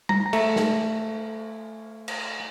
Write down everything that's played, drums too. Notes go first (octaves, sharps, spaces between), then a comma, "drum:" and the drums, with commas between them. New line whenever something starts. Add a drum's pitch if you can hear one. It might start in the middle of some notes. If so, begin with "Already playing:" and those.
A#5, drum: tom G3
A3, drum: cymbal
drum: snare
drum: cymbal